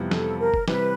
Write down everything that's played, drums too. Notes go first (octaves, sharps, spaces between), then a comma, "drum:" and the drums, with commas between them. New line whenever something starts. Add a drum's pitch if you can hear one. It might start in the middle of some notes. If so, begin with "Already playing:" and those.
Already playing: F2 C3 E3 G3 B3
A4, drum: snare
A#4
drum: kick F1
C3 E3 G3 B4, drum: snare